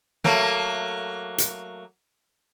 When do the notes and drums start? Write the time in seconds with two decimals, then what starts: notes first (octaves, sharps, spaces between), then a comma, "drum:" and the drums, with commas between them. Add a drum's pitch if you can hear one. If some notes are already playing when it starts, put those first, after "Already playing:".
0.24 F#3 A3 A#3, drum: snare
1.38 drum: hi-hat